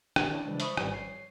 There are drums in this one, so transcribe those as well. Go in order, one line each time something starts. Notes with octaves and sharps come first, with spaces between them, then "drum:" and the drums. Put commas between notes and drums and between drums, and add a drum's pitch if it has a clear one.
D#3 D4 G#4, drum: rim click
D4 E4 C#5
C#3 E3 F3 G3 G#3 D4
C5 E5 B5 C#6 D#6, drum: hi-hat
G#1 F3 G3 B4 D5, drum: rim click
C#5 C7